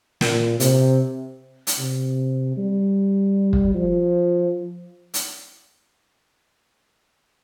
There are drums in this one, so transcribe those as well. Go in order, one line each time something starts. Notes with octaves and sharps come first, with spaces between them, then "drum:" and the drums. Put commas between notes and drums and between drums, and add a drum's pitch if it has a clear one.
A#2, drum: snare
C3, drum: hi-hat
drum: hi-hat
C3
G3
drum: kick
F3
drum: hi-hat